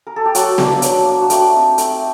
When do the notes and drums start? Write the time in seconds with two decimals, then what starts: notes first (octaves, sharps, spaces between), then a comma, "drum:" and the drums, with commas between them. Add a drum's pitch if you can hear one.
0.07 A#4
0.16 A4
0.25 G4
0.35 F#3 F#4, drum: hi-hat
0.58 A#3 D4, drum: snare B3
0.82 F#3, drum: hi-hat
1.06 A#3 D4
1.21 F#4
1.30 A3 G4, drum: hi-hat
1.54 C4 D#4
1.78 A3, drum: hi-hat